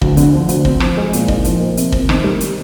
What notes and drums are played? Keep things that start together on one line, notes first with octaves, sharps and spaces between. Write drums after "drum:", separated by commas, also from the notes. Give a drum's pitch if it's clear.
D2, drum: kick
D3, drum: hi-hat
F3
D2, drum: hi-hat
C4, drum: kick
F3, drum: rim click
G#3
A#2, drum: hi-hat
D#4, drum: kick
F3, drum: hi-hat
A#3
C3, drum: hi-hat
C4, drum: kick
D#3, drum: rim click
G3
drum: hi-hat